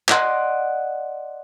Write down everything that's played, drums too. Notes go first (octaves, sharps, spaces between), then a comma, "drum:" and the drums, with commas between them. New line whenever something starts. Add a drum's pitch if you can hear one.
D5 D#5 F#5 C6, drum: clap